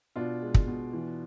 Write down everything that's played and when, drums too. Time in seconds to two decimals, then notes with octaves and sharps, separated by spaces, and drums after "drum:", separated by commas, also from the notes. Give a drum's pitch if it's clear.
0.16 B2 D4 F4
0.42 G#3
0.54 drum: kick
0.67 B2
0.93 E3